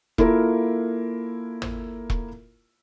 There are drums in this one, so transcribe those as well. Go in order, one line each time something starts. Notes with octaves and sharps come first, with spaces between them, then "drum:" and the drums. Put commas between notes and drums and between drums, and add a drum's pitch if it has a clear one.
A#3 E4 F4 A4 A#4, drum: kick E1
drum: tom G#1
drum: kick E1